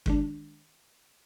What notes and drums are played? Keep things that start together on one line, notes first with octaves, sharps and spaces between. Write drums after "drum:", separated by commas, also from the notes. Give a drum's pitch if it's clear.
D#3 G#3 D4, drum: kick G1